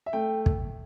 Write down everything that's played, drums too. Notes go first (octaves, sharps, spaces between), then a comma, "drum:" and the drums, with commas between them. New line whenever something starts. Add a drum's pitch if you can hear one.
E5
A3 G5
drum: kick